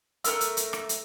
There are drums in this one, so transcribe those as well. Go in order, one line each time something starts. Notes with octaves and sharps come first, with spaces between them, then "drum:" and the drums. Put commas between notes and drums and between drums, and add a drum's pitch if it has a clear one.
A3 F#4 A#4 E6, drum: hi-hat
drum: hi-hat
drum: hi-hat
drum: rim click
drum: hi-hat